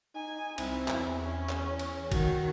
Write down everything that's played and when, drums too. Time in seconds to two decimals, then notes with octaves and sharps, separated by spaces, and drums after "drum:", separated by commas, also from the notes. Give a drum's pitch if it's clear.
0.15 D#4 G#5
0.58 C2 C4 E4, drum: cymbal
0.88 E2, drum: clap
1.24 C#4
1.49 drum: clap
1.69 C#5
1.79 drum: cymbal
2.12 D#3 F#4, drum: kick, cymbal